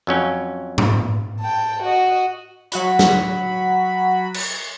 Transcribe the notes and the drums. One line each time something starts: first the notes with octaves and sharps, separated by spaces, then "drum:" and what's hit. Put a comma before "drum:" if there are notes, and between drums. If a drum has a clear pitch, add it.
F2 F#3 C#4 G5
drum: tom G#2
G5 A5
F#4 D#5
F#3 F#4 B5, drum: hi-hat
drum: snare
drum: cymbal